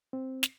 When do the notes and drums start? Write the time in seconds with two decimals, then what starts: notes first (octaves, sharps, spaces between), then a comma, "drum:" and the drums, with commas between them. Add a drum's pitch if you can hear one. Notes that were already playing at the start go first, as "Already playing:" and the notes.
0.13 C4
0.43 drum: snare